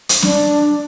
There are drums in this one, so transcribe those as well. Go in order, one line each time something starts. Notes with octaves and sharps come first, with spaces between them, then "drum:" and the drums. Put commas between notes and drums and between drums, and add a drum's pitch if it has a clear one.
drum: hi-hat
D4, drum: snare